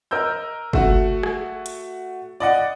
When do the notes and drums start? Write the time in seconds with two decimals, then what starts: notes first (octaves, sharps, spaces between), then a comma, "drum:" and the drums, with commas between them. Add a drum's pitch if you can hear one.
0.11 A#4 D#5 E6 G6
0.73 A3 F#4, drum: kick
1.23 drum: rim click
1.66 drum: hi-hat
2.40 D5 D#5 F#5